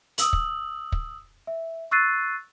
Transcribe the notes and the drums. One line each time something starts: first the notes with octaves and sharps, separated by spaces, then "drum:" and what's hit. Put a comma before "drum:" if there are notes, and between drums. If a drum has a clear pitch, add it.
D#6 E6 F#7, drum: hi-hat
drum: kick
drum: kick
E5
C#6 E6 F#6 A6 C7 D#7